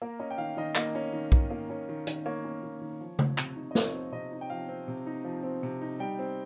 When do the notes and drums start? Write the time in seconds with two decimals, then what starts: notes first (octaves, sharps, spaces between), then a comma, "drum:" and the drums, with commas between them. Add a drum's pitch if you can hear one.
0.02 A#3 A#4
0.19 C#4 D#5
0.31 G5
0.38 D#3 F5
0.57 D#3 D#5
0.75 A#3 D#5, drum: clap
0.95 C#4
1.13 D#3
1.32 D#3, drum: kick B1
1.50 A#3
1.70 C#4
1.89 D#3
2.07 D#3, drum: hi-hat
2.26 A#3 C#5
2.45 C#4
2.63 D#3
2.81 D#3
3.01 F3
3.19 C4, drum: tom C#3
3.38 C3, drum: clap
3.56 D#4
3.71 D#5
3.75 F3 C#5, drum: snare
3.94 C4
4.12 C3 D#5
4.32 D#4
4.41 G5
4.50 F3 F5
4.69 C4
4.88 C3
5.06 D#4
5.24 F3
5.43 C4
5.63 C3
5.81 D#4
5.99 G3 G5
6.19 C4